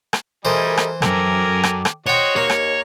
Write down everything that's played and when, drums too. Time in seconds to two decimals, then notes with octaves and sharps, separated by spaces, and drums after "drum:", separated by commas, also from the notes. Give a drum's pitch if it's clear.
0.13 drum: rim click
0.45 B2 E3 G3 A3 G#4 A#4 C5 D#5
0.78 drum: rim click
1.02 B1 F#2 A4 A#4 G5 G#5 A#5 D6, drum: rim click
1.64 drum: rim click
1.85 drum: rim click
2.07 F#4 C5 C#5 D#5 F#5 G5
2.36 D#2 A#3 C#5
2.50 drum: rim click